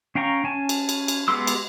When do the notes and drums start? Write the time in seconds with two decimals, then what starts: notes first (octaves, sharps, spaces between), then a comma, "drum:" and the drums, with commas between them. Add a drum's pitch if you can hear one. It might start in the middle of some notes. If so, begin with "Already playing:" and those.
0.15 C#4 F5 G5 A#5 C#6
0.44 C#4 G#5 A5
0.69 drum: cymbal
0.89 drum: cymbal
1.08 drum: cymbal
1.28 G#3 B3 G4 C6 E6
1.47 drum: cymbal